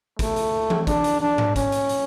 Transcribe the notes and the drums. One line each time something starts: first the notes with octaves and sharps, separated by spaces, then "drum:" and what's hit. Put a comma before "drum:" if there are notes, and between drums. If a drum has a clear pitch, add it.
A3, drum: kick, hi-hat
drum: hi-hat
drum: tom E3
D4, drum: kick, hi-hat
drum: hi-hat
D4
drum: tom G#2
C#4, drum: kick, hi-hat
drum: hi-hat
drum: hi-hat